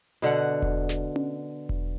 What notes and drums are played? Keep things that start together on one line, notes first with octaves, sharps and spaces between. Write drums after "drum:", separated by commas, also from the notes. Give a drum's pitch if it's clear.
B2 D3 F#4 F#5
drum: kick E1
drum: snare
drum: tom C#4
drum: kick E1